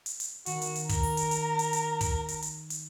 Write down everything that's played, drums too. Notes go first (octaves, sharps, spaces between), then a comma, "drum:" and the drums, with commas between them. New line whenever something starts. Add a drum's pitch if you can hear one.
drum: hi-hat
drum: hi-hat
D#3 F#4, drum: hi-hat
drum: hi-hat
drum: hi-hat
A#4 A#5, drum: kick, hi-hat
drum: open hi-hat
drum: hi-hat
drum: hi-hat
drum: hi-hat
drum: hi-hat
drum: kick, hi-hat
drum: hi-hat
drum: hi-hat
drum: hi-hat